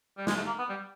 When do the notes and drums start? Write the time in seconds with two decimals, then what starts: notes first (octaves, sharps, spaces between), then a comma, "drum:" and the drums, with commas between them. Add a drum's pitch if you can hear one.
0.18 G3
0.27 G#3, drum: snare
0.36 A3
0.47 A#3
0.59 B3
0.69 G3